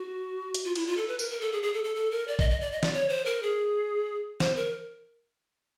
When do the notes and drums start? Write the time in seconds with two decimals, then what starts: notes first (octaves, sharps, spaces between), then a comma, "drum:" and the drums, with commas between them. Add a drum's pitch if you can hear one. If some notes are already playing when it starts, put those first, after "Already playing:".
Already playing: F#4
0.54 drum: hi-hat
0.64 F4
0.76 E4, drum: cymbal
0.87 F4
0.97 A4
1.08 B4
1.19 A#4, drum: tambourine
1.30 A#4
1.41 A4
1.52 G#4
1.63 G#4
1.73 A4
1.84 A4
1.95 A4
2.11 A#4
2.28 D5
2.39 D#5, drum: kick
2.50 D#5
2.61 D5
2.72 D#5
2.83 D5, drum: snare
2.94 C#5
3.09 C5
3.25 A#4
3.43 G#4
4.40 C5, drum: snare
4.56 A#4